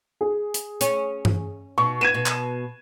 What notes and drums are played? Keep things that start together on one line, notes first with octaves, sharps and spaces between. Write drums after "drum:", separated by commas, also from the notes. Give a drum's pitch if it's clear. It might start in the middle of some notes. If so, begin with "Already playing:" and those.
G#4
drum: hi-hat
C#4, drum: hi-hat
drum: tom G2
B2 C#6
B3 G#6 D#7 E7
B2
drum: clap